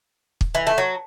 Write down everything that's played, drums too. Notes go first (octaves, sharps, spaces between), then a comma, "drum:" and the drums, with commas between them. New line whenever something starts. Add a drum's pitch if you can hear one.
drum: kick
E3
A3
F#3